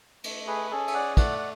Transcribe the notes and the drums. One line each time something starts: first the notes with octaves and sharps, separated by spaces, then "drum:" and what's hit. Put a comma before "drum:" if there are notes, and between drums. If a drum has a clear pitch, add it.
A3, drum: cymbal
G#4 B4
C#4 G#4 A4
E5, drum: cymbal
D5 F#5
A3 D5 F#5, drum: kick, cymbal
F#5